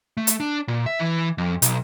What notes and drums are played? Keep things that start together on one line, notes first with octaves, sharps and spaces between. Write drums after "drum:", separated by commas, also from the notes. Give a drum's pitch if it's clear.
A3
drum: hi-hat
D4
A#2
E5
E3
F2
B1, drum: hi-hat